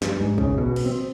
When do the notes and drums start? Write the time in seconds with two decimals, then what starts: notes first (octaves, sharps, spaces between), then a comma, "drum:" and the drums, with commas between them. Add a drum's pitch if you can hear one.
0.02 G2, drum: snare
0.20 G#2
0.38 C#3, drum: kick
0.58 B2
0.76 drum: cymbal
0.86 C4